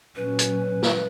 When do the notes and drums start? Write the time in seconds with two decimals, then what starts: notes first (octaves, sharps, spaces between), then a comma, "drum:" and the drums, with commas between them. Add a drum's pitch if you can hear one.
0.16 A#2 F#3 C#4 B4
0.39 drum: hi-hat
0.83 drum: snare